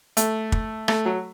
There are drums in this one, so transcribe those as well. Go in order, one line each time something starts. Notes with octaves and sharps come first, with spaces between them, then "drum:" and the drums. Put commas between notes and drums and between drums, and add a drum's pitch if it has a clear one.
A3, drum: hi-hat
drum: kick
A3, drum: rim click
F#3